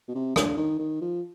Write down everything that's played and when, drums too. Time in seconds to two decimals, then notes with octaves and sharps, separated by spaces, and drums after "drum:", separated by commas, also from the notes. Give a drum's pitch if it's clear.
0.08 B2
0.15 C3
0.36 D3, drum: rim click
0.57 D#3
0.79 D#3
1.01 F3